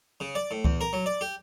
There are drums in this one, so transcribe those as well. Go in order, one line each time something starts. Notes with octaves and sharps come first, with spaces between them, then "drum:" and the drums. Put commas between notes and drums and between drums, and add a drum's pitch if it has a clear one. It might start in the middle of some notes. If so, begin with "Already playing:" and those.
C#3
D5
A2
E2, drum: kick C#2
A#4
F#3
D5
G4